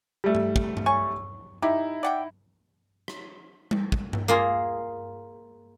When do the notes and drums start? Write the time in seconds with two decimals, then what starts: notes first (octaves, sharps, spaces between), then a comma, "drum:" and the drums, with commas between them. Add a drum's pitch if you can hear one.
0.24 G3 A3
0.35 drum: tom G2
0.56 drum: kick
0.77 drum: tom G2
0.86 C#5 G#5 C#6
1.62 D#4 E4 G4
2.03 D5 F#5 G5
3.08 drum: rim click
3.71 drum: tom G3
3.92 drum: kick
4.13 drum: tom G2
4.28 A#3 F4 G#4